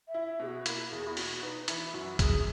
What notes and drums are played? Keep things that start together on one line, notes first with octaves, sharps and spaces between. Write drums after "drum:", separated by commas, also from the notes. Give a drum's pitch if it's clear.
E5
E4
B2 G#4
F#4
A#3 E4, drum: hi-hat
E2 G#4
E4
B2 F#4, drum: open hi-hat
B3 D#4
D#4
E3 E4, drum: hi-hat
F#2 F#4
F#2 G#4, drum: kick, hi-hat